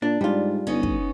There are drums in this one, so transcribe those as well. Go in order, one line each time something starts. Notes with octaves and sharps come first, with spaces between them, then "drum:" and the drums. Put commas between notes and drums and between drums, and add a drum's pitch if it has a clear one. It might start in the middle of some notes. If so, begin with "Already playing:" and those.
A#2 D4
G#2 G3 F4
G1 B3 C#4 D#4
drum: kick